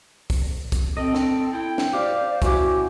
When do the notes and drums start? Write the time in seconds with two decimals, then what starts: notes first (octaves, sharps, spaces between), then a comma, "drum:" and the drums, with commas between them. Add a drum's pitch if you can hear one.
0.30 drum: kick, open hi-hat
0.72 drum: kick, hi-hat
0.97 C4 A4 D#5
1.15 drum: snare
1.53 E4 G5
1.78 drum: snare
1.93 G4 C5 D5 F5
2.42 C#4 E4 F#4 G4, drum: kick, hi-hat